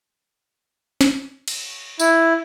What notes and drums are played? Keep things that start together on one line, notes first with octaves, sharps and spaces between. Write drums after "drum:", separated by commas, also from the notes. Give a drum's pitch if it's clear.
drum: snare
drum: cymbal
E4, drum: tambourine